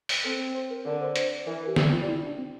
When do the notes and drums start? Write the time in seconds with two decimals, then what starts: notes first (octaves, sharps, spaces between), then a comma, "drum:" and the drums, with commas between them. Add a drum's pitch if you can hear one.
0.09 drum: open hi-hat
0.24 C4 A4
0.54 C5
0.70 A#4
0.85 D3 A#4
1.01 C5
1.16 C5, drum: hi-hat
1.46 E3 A#4
1.67 G4
1.76 G3 A4, drum: snare
1.92 F4
2.07 E4
2.22 D4
2.38 C4